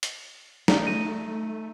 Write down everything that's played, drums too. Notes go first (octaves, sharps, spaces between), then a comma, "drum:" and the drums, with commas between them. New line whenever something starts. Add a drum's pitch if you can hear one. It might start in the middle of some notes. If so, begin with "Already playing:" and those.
drum: hi-hat
A3 D#4, drum: snare
A#6 D#7